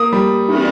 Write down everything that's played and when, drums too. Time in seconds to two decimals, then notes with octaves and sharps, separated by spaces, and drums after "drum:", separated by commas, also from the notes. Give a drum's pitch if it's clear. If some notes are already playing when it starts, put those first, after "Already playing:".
Already playing: A#3 D#6
0.13 G3
0.48 drum: cymbal